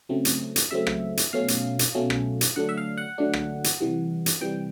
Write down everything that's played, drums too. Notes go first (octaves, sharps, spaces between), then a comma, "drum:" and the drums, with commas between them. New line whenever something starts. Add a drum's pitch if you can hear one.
C#3 F#3 A3 C4
drum: hi-hat
drum: hi-hat
C#3 F#3 A3 C4 E5
drum: rim click
drum: hi-hat
B2 F#3 A3 C#4 F5
drum: hi-hat
drum: hi-hat
B2 F#3 A3 C#4
drum: rim click
drum: hi-hat
D3 F#3 A3 D4 F#5
E5
F5
F#5
D3 F#3 A3 D4
drum: rim click
drum: hi-hat
C3 E3 G3
drum: hi-hat
C3 E3 G3 G5